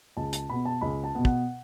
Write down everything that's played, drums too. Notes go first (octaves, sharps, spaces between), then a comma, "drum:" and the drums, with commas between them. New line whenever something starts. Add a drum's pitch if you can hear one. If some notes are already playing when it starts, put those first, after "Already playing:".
C#2 A5
A5, drum: hi-hat
B2 B3 B5
A5
C#2 B5
A5
B2 B3
F#5, drum: kick